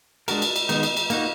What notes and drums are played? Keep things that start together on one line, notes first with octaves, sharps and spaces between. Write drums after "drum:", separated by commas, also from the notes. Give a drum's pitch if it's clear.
G#3 D4 F#4 A#4, drum: cymbal
drum: cymbal
drum: cymbal
D#3 G#3 B3 D#4, drum: cymbal
drum: cymbal
drum: cymbal
A#3 D#4 F#4, drum: cymbal